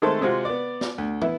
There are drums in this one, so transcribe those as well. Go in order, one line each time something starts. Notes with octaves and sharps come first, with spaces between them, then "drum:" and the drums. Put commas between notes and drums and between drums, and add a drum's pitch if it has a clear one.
D#3 G#3 A3 C4 A4 C5
C3 G#3 C4 F4 F#4
B3 D5
drum: snare
D2
B3 E4, drum: tom